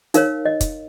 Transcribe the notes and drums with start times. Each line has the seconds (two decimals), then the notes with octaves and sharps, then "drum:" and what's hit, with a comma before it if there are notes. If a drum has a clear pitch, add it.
0.14 D#4 A#4 C#5 F5, drum: hi-hat
0.45 D#5
0.61 drum: kick, hi-hat